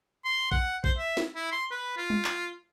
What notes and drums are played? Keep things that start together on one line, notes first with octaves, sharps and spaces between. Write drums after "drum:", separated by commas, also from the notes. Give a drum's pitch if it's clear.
C6
F#5, drum: kick A#1
C5, drum: kick A#1
E5
drum: snare
E4
C6
B4
F4
drum: tom G3
drum: clap